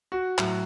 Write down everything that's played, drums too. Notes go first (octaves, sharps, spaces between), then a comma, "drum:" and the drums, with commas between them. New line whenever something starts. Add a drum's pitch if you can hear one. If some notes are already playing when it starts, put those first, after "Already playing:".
F#4
A2 F#3, drum: clap